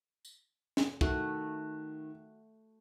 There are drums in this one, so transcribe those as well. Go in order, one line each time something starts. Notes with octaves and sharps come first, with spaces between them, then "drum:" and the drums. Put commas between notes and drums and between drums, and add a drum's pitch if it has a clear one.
drum: tambourine
drum: snare
D#3 A3 F#4, drum: kick